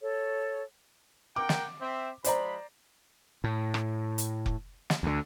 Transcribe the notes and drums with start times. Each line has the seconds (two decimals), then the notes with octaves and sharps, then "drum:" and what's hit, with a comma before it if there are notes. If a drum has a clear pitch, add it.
0.01 A4 C#5
1.36 A#4 F#5 G5 D6
1.49 drum: snare
1.82 C4 E5
2.24 F3 G#3 C5 D5 A#5 B5, drum: hi-hat
3.44 A2
3.74 drum: rim click
4.18 drum: hi-hat
4.46 drum: kick F1
4.90 drum: snare
5.03 D2 D3